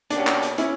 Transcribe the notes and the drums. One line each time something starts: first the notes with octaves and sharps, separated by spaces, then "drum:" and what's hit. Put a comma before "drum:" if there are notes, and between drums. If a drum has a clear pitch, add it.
B2 A#3 C#4 D4 G4, drum: hi-hat
drum: clap
drum: hi-hat
C#4 E4, drum: hi-hat